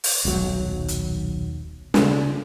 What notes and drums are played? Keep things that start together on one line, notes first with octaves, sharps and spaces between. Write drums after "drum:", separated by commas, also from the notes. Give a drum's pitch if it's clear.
drum: open hi-hat
D#1 B1 F#3
drum: hi-hat
C#3 D4, drum: snare